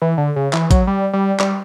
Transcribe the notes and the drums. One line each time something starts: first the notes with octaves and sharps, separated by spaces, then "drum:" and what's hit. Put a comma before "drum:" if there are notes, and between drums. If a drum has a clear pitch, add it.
E3
D3
C#3
E3, drum: clap
F#3, drum: kick, hi-hat
G3
G3
G3, drum: clap